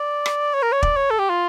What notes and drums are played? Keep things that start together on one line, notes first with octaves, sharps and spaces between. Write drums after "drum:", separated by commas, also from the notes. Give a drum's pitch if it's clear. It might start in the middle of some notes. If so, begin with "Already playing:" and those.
Already playing: D5
drum: rim click
C#5
A#4
C#5
D5, drum: kick
C#5
A4
G4
F4